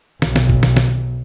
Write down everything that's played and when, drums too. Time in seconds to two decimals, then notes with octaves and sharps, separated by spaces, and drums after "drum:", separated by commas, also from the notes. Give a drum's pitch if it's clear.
0.22 B1, drum: snare
0.36 drum: snare
0.49 drum: kick
0.63 drum: snare
0.76 drum: snare